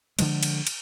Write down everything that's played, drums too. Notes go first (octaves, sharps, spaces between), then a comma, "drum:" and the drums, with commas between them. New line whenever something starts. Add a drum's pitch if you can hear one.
D3 F3 G#3, drum: cymbal
drum: cymbal
drum: cymbal